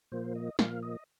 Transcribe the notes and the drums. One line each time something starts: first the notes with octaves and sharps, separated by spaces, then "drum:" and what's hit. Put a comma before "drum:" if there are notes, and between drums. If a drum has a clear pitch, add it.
A#2 F3 A#3 C5
D#5
A#2 F3 A#3 F5, drum: snare
D#5